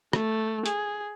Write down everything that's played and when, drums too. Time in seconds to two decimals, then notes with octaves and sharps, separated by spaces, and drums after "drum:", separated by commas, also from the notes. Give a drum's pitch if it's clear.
0.13 A3, drum: rim click
0.66 G#4, drum: hi-hat